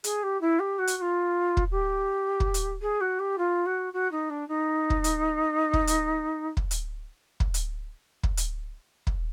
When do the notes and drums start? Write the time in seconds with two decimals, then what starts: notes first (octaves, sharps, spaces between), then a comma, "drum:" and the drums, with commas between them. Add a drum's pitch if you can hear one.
0.04 G#4, drum: hi-hat
0.23 G4
0.41 E4
0.59 G4
0.78 F#4
0.87 drum: hi-hat
0.97 F#4
1.01 F4
1.57 drum: kick
1.71 G4
2.40 drum: kick
2.54 drum: hi-hat
2.81 G#4
3.00 F#4
3.19 G4
3.38 F4
3.66 F#4
3.93 F#4
4.11 D#4
4.30 D4
4.48 D#4
4.90 drum: kick
5.04 drum: hi-hat
5.73 drum: kick
5.87 drum: hi-hat
6.57 drum: kick
6.71 drum: hi-hat
7.40 drum: kick
7.54 drum: hi-hat
8.23 drum: kick
8.37 drum: hi-hat
9.07 drum: kick